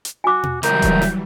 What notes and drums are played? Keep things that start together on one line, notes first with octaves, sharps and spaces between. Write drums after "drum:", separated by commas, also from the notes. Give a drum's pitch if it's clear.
drum: hi-hat
F#4 G#5 D6
drum: tom B2
C#2 E3 F#3 G3 A#4 E5 G6, drum: hi-hat
drum: kick D#1, hi-hat
drum: snare